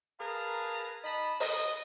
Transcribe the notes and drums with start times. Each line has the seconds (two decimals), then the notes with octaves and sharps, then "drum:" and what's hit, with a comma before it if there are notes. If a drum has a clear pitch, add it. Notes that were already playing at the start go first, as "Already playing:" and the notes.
0.20 G#4 A#4 B4 F5 A5 A#5
1.03 D#4 D#5 A5 B5
1.40 D#5, drum: open hi-hat